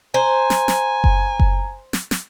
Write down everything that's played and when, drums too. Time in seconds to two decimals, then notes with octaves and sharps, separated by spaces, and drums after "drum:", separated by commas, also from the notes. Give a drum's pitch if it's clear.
0.14 C5 G#5 A#5
0.50 drum: snare
0.68 drum: snare
1.04 drum: kick F#1
1.40 drum: kick F#1
1.93 drum: snare
2.11 drum: snare